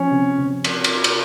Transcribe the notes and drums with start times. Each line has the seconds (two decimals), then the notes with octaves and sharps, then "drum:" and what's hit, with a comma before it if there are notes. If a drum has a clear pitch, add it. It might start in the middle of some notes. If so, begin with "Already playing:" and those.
Already playing: F3 C#4 C#5
0.11 C3
0.38 C3
0.64 drum: cymbal
0.84 drum: cymbal
1.04 drum: cymbal